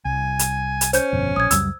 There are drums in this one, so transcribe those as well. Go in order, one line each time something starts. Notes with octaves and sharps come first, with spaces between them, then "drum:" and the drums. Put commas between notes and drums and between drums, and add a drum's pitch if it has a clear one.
C2 G#5
drum: hi-hat
drum: hi-hat
C#4 C5 G6, drum: hi-hat
G1 F2 B2
A#1 D#6 G#6
C#2 F#2 G3 E6, drum: hi-hat